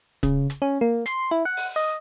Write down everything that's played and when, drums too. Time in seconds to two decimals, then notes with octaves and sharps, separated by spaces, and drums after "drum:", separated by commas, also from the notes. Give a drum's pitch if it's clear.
0.23 C#3, drum: kick, hi-hat
0.50 drum: hi-hat
0.62 C#4
0.81 A#3
1.06 C6, drum: hi-hat
1.31 E4
1.45 F#5
1.57 drum: open hi-hat
1.76 D#5